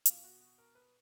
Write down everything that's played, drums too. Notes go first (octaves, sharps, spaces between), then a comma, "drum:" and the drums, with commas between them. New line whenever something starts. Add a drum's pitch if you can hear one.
B2 F4, drum: hi-hat
F#4
F#4
A#4
B4